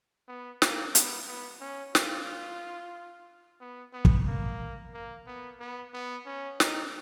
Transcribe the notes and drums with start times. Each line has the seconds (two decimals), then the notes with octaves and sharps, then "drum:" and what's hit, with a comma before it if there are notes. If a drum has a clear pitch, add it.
0.28 B3
0.62 A#3, drum: snare
0.95 B3, drum: hi-hat
1.27 B3
1.61 C#4
1.95 F4, drum: snare
3.61 B3
3.93 B3
4.05 drum: kick
4.27 A#3
4.94 A#3
5.27 B3
5.60 B3
5.94 B3
6.26 C#4
6.60 D#4, drum: snare